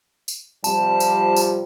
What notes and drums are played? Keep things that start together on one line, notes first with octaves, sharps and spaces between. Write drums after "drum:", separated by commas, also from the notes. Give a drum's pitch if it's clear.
drum: tambourine
C3 F3 G3 A5, drum: tambourine
drum: tambourine
drum: tambourine